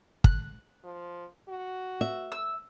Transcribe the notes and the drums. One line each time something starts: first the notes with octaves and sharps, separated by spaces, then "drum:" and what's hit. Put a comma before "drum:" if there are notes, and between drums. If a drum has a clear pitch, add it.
F#6, drum: kick
F3
F#4
E5
E6